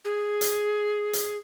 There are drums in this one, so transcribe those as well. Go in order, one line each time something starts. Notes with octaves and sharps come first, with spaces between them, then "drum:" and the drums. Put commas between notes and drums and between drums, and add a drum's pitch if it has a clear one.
G#4
drum: hi-hat
drum: hi-hat